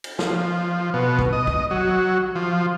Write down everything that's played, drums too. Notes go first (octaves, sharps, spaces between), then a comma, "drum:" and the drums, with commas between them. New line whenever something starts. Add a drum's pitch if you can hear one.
drum: cymbal
F3, drum: snare
B2
drum: kick
D#5
drum: kick
F#3
F3